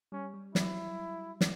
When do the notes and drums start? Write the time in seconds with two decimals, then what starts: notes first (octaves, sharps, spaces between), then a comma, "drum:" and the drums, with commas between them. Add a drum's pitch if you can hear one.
0.12 G3 C#4
0.34 G3
0.55 F#3 E4, drum: snare
1.41 drum: snare